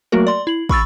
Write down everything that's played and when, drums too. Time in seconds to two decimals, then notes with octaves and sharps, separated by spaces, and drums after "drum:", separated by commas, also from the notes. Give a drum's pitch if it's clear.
0.12 F#3 A3 A#3 F#4 A#4
0.27 D5 C6
0.47 E4 F#7
0.69 B5 C#6 E6 A6, drum: kick